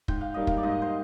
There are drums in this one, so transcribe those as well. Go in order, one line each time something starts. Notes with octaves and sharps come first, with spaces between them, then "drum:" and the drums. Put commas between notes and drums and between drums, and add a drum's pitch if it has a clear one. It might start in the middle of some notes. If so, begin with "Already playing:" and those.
G#2 G5, drum: kick
F5
G3 A#3 D#4 D#5
F5, drum: kick
D5
G#2 D#5
C5